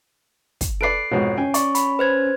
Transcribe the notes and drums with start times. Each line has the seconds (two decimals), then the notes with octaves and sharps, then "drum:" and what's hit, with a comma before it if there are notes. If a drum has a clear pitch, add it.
0.61 drum: kick, hi-hat
0.81 A4 B4 D5 C7 D7
1.11 F2 G#2 B2 C#5
1.38 C#4 G5 G#5
1.54 D5 C#6, drum: hi-hat
1.75 B5, drum: hi-hat
1.99 B4 C5 G#6